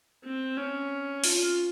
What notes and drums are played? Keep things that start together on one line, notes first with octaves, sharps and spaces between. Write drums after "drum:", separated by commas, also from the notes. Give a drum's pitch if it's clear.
C4
C#4
F4, drum: open hi-hat